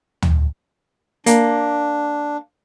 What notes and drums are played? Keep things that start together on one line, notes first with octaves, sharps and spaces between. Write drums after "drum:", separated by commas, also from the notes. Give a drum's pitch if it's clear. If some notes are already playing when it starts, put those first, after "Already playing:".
drum: tom
A#3 D4, drum: hi-hat